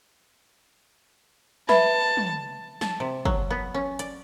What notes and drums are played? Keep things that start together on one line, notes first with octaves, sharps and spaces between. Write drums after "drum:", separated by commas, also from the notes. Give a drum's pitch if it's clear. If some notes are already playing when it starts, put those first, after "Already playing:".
B4 E5 A5 B5, drum: snare
drum: tom
A5, drum: snare
C3
F#3, drum: kick
B3
C#4
D5, drum: hi-hat